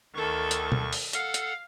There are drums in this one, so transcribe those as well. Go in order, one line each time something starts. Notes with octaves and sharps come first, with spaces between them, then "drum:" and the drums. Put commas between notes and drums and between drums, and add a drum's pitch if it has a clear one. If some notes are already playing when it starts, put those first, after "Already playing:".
D2 D#3 A4 C#6
drum: hi-hat
drum: tom B2
drum: open hi-hat
A4 F5 F#5, drum: hi-hat
drum: hi-hat